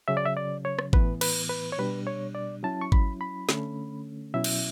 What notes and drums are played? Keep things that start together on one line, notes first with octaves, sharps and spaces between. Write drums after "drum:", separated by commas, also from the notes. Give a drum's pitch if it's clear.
C#3 F#3 C#4 E5
D5
E5
D5
C#5
drum: rim click
A2 E3 B3 B4, drum: kick G#1
B4, drum: cymbal
B4
C#5
B2 G3 D4 B4
C#5
D5
F#3 C#4 E4 A5
C#6
B5, drum: kick G#1
B5
D3 A3 C#4, drum: snare
B2 F#3 C#4 E4 E5
drum: cymbal